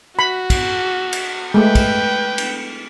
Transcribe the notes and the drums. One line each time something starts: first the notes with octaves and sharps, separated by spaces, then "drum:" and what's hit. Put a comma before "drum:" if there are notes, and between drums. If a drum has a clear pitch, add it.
F#4 B5
drum: kick, cymbal
drum: cymbal
G#3 A3 B4 G5
drum: kick, cymbal
drum: cymbal